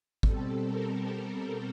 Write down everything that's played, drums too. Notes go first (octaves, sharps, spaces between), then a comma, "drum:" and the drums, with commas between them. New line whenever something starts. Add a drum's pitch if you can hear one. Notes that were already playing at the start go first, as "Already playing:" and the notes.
B2 G3 C4 A4, drum: kick
A#4